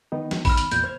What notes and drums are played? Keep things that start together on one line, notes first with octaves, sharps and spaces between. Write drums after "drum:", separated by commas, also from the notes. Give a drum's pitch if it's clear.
D#3 B3 D#4
drum: snare
B5 F6, drum: kick A1, open hi-hat
drum: hi-hat
E2 A#2 F#6 G6, drum: hi-hat
C5 F6 G#6